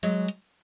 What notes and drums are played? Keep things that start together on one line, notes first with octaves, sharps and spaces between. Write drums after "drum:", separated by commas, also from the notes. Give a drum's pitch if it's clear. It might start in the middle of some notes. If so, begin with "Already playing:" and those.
F#3 G#3, drum: hi-hat
drum: hi-hat